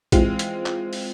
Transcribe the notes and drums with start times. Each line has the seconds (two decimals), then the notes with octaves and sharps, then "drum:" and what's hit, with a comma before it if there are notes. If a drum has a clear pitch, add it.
0.12 E3 G#3 C4 F4, drum: kick, hi-hat
0.39 drum: hi-hat
0.66 drum: clap
0.93 drum: open hi-hat